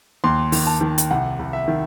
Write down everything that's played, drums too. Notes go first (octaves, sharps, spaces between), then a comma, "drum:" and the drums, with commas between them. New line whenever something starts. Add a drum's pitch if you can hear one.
D#2 C6
D#3, drum: open hi-hat
A5
D#3
drum: hi-hat
C2 F#5
C2
E5
D#3